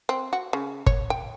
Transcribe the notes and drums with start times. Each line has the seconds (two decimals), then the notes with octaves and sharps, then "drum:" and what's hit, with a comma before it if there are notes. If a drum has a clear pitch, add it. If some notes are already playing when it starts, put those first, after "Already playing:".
0.09 C4
0.33 F#4
0.53 C#3
0.86 C#5, drum: kick
1.10 G5